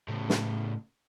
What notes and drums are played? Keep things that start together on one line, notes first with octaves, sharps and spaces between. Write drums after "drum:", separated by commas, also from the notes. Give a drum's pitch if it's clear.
A2 C#3
drum: snare